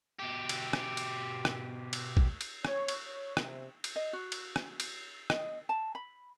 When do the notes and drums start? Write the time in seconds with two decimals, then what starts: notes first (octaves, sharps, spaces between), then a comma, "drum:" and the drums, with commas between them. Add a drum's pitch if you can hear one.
0.20 B2 G4
0.49 drum: cymbal
0.73 drum: rim click
0.97 drum: cymbal
1.45 drum: rim click
1.93 drum: cymbal
2.17 drum: kick A#1
2.41 drum: cymbal
2.65 C#5, drum: rim click
2.88 drum: cymbal
3.07 C#5
3.37 C3, drum: rim click
3.84 drum: cymbal
3.96 D#5
4.13 F#4
4.32 drum: cymbal
4.56 drum: rim click
4.80 drum: cymbal
5.30 D#5, drum: rim click
5.69 A5
5.95 B5